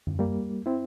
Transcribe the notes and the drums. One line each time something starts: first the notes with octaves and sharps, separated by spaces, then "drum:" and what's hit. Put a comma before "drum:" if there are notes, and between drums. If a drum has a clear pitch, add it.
drum: tom F#2
G3 A#3
C4 E4